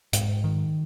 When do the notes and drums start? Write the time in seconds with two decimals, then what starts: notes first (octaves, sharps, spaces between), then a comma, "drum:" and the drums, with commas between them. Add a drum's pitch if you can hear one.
0.13 G#2, drum: hi-hat
0.44 D#3